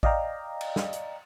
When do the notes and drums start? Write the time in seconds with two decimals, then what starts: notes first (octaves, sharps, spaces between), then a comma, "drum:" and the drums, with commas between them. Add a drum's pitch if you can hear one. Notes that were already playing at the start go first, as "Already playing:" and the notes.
0.03 D5 D#5 F5 G5 A#5, drum: kick A1
0.61 drum: cymbal
0.76 drum: snare
0.93 drum: hi-hat